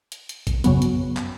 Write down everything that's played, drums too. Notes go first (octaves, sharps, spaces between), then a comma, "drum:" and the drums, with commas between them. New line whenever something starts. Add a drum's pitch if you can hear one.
drum: hi-hat
drum: hi-hat
drum: kick A#1, hi-hat
F#2 C#3 F#3 B3, drum: hi-hat
drum: hi-hat
drum: clap